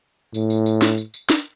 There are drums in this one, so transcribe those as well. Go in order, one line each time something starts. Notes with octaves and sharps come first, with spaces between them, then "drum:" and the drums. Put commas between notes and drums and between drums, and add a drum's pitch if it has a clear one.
A2, drum: tambourine
drum: tambourine
drum: tambourine
drum: snare
drum: tambourine
drum: tambourine
drum: snare